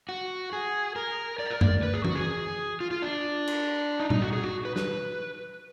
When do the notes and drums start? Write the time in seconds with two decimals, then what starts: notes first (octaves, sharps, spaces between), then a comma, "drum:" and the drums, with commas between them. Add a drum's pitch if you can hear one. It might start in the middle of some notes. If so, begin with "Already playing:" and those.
0.09 F#4
0.53 G#4
0.96 A#4
1.39 D5
1.45 G#4
1.50 A#4
1.61 D5, drum: tom F#2
1.83 B4
1.94 G#4
2.05 F#4, drum: tom E3
2.16 G#4
2.80 F4
2.91 F4
3.02 D4
3.47 drum: cymbal
4.00 D#4
4.10 D#4, drum: tom A#2
4.22 F#4
4.33 G#4
4.43 F#4
4.65 B4
4.76 B4, drum: snare